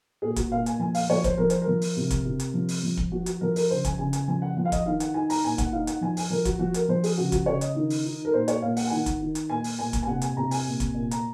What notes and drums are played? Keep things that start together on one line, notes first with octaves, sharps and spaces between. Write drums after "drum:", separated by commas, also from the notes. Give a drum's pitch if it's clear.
A#2 G#4
F#4, drum: kick, hi-hat
A#2 F5
G#5, drum: hi-hat
F3 G#5
F5, drum: open hi-hat
F3 C#5
C5, drum: kick, hi-hat
F3 A#4
C5, drum: hi-hat
A#4
F3
drum: open hi-hat
C3
drum: kick, hi-hat
C3
drum: hi-hat
F3
drum: open hi-hat
F3
drum: kick
F3 F#4
F#4, drum: hi-hat
F3 A#4
A#4, drum: open hi-hat
C#3 C5
G#5, drum: kick, hi-hat
C#3 G#5
G#5, drum: hi-hat
F3 G#5
F#5
F3 F#5
F5
D#5, drum: kick, hi-hat
D#3 F5
F#5, drum: hi-hat
D#4 G#5
A#5, drum: open hi-hat
A#2 G#5
F#5, drum: kick, hi-hat
D#4 F5
F#5, drum: hi-hat
F3 G#5
G#5, drum: open hi-hat
F3 A#4
F#4, drum: kick, hi-hat
F3 F#4
A#4, drum: hi-hat
F3 C5
G#4, drum: open hi-hat
C#3 F#4
F#4, drum: kick, hi-hat
C#3 C#5
D#5, drum: hi-hat
D#3
drum: open hi-hat
D#4
A#4
A#2 C5
C#5, drum: hi-hat
A#2 F5
F#5, drum: open hi-hat
G#5
D#3 F#5
drum: kick, hi-hat
D#3
drum: hi-hat
A#2 G#5
drum: open hi-hat
A#2 G#5
drum: kick, hi-hat
G#5
C3 F#5
G#5, drum: hi-hat
C3 A#5
G#5, drum: open hi-hat
A#2
drum: kick, hi-hat
A#2
A#5, drum: hi-hat